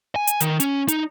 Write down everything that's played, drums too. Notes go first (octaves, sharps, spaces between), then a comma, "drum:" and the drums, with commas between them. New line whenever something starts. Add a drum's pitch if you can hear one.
G#5
drum: hi-hat
D#3, drum: hi-hat
C#4, drum: hi-hat
D#4, drum: hi-hat